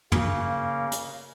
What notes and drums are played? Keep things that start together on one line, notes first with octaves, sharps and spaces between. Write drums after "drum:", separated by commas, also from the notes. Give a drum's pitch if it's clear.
C#3 A#3, drum: tom
drum: hi-hat